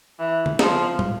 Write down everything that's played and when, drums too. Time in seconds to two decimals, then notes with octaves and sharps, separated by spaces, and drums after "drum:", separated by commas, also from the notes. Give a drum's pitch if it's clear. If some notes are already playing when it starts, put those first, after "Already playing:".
0.19 E3
0.46 drum: tom C#3
0.59 F3, drum: snare
0.99 drum: tom